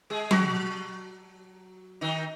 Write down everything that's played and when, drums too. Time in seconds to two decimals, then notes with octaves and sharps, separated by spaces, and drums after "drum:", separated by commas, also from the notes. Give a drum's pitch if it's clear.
0.10 G#3 G#4
0.31 F#3 F#4, drum: tom F#3
2.01 D#3 D#4